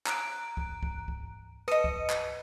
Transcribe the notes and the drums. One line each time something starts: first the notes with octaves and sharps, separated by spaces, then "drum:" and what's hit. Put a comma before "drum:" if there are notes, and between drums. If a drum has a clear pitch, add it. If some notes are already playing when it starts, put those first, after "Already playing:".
A#5 F#6 D7, drum: clap
drum: kick
drum: kick
drum: kick
B4 D#5 D#6 C#7 D#7
drum: kick
drum: clap